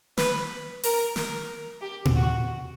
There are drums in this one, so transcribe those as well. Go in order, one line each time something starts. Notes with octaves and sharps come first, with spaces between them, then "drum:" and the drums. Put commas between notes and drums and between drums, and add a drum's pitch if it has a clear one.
B4, drum: snare
A#4, drum: open hi-hat
A#4, drum: snare
G4
drum: tom A#2
F#4